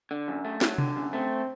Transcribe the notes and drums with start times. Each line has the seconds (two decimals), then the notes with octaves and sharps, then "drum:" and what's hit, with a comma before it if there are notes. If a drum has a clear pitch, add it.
0.11 D3
0.28 F#2
0.45 A3
0.61 F#3, drum: snare
0.78 D3, drum: tom C3
0.96 F#2
1.13 A3 C4